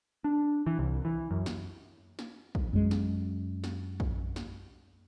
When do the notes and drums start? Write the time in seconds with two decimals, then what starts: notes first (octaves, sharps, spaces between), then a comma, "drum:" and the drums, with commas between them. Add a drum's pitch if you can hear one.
0.24 D4
0.67 E3
0.79 C2
1.05 E3
1.31 F#2
1.46 drum: snare
2.19 drum: snare
2.55 drum: kick A#1
2.73 F#2 G#3
2.91 drum: snare
3.64 drum: snare
4.00 drum: kick A#1
4.36 drum: snare